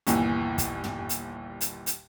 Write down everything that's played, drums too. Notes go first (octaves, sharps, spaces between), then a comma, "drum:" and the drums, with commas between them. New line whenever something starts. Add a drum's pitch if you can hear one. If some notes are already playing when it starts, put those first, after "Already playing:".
G1 D#2 A#2 E3, drum: hi-hat
drum: kick, hi-hat
drum: tom
drum: hi-hat
drum: hi-hat
drum: hi-hat